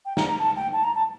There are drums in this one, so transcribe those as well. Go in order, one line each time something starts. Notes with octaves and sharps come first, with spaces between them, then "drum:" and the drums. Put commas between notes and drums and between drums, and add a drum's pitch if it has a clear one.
G5
A#5, drum: snare
A#5
A5
G5
A5
A#5
A5